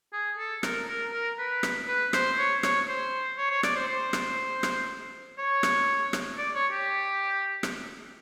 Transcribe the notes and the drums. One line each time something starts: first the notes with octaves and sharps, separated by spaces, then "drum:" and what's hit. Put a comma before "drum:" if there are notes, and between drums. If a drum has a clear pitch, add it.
G#4
A4
A#4, drum: rim click
A#4
A#4
B4
drum: rim click
B4
C5, drum: rim click
C#5
C#5, drum: rim click
C5
C#5
C#5
D5, drum: rim click
C5
C5
drum: rim click
drum: rim click
C#5
drum: rim click
drum: rim click
D5
C#5
G4
drum: rim click